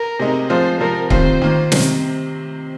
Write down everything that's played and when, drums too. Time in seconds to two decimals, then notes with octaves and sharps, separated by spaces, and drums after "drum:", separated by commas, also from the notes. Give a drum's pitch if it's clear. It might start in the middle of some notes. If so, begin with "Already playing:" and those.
Already playing: A#4
0.19 C3 G#3 D#4
0.50 F3 G#3 C4 F4 C5
0.80 C3 F3 C4 A#4
1.10 C3 D#3 C4 F4 C5, drum: kick C#1
1.42 D#3 A#3 F4
1.72 C3 D#3 C4, drum: snare